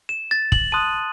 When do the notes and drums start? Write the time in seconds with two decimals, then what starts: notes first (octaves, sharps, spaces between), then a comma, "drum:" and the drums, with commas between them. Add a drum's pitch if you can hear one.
0.09 E7
0.31 A6
0.52 F#7, drum: kick
0.72 A5 C6 D#6 F#6 D#7